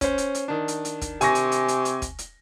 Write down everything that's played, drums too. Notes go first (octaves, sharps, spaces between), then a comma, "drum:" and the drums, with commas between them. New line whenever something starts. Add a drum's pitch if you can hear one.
C#4 C5, drum: kick, hi-hat
drum: hi-hat
drum: hi-hat
D#3 D4
drum: hi-hat
drum: hi-hat
drum: kick, hi-hat
C3 G#5 C#6 A#6, drum: hi-hat
drum: hi-hat
drum: hi-hat
drum: hi-hat
drum: hi-hat
drum: kick, hi-hat
drum: hi-hat